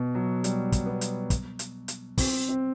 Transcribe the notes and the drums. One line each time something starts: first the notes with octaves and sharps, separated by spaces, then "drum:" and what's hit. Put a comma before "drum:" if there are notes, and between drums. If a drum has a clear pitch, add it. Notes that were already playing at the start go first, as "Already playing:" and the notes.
Already playing: B2
F#3
G3, drum: hi-hat
drum: kick, hi-hat
B3
drum: hi-hat
drum: kick, hi-hat
drum: hi-hat
drum: hi-hat
C4, drum: kick, open hi-hat
C4